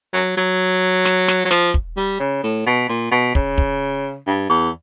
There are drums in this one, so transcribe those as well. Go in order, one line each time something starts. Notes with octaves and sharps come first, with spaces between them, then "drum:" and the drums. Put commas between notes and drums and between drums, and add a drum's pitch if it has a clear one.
F#3
F#3
drum: snare
drum: snare
F#3
F3, drum: snare
drum: kick
G3
C#3
A2
B2
A#2
B2
C#3, drum: kick
drum: kick
G2
E2